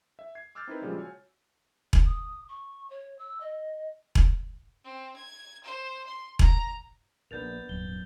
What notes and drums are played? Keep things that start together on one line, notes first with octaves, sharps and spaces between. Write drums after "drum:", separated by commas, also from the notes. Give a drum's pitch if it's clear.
E5
G#6 C7
D6 E6 F6 G6 A6
C4 D#4 E4 A#4 B4
A#2 C#3 F3 G3 G#3
F#4 C#5 G#5
drum: kick E1
D#6
C#6
C#5
E6
D#5
drum: kick E1
C4
G#6
C5
C6
A#5, drum: kick E1
A#1 B3 D4 A#4 G6 A6 F7
D#1 G#2 F#3 G7